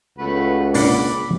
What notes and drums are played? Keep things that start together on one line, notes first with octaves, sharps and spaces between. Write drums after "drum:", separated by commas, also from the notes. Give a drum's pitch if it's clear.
C#2 A3 F#4 B4
A#3 D4 F#5 B5 D6, drum: open hi-hat